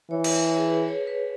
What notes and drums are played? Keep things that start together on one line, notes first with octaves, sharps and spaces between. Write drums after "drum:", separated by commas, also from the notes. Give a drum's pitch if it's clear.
E3 C#5
drum: cymbal
G#4
B4
C#5
B4